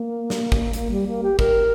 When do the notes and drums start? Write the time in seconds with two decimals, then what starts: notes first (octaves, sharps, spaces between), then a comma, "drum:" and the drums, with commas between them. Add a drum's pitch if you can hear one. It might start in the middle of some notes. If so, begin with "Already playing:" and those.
Already playing: A#3
0.30 drum: snare
0.52 drum: kick
0.73 A#3, drum: hi-hat
0.90 G3
1.06 A#3
1.23 G4
1.39 A#4, drum: kick